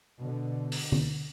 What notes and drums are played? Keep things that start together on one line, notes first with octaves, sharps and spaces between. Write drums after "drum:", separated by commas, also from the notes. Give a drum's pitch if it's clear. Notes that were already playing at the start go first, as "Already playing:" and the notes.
B2 D3
drum: open hi-hat
drum: tom D3